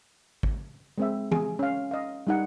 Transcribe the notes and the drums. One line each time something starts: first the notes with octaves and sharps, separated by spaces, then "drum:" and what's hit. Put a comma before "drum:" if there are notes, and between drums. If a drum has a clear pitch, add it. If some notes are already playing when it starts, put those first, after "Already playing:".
drum: kick
G#3 C4 E5
G#4, drum: tom E3
C#4 F5
D#5 F5
G3 D#4 F#5